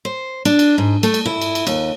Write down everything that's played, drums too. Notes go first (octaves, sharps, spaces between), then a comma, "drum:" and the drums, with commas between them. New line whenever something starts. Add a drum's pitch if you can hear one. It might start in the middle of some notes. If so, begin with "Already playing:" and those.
C5
D4, drum: cymbal
drum: cymbal
G#2
A3, drum: cymbal
drum: cymbal
E4, drum: tom
drum: cymbal
drum: cymbal
D#2, drum: cymbal